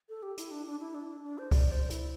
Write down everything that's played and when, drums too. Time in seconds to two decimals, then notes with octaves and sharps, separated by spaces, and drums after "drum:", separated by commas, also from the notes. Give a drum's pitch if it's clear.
0.09 A4
0.23 G4
0.37 E4, drum: hi-hat
0.51 D4
0.66 D4
0.80 E4
0.95 D4
1.08 D4
1.23 D4
1.38 C5
1.51 D5, drum: kick C2, open hi-hat
1.72 C5
1.90 E4, drum: hi-hat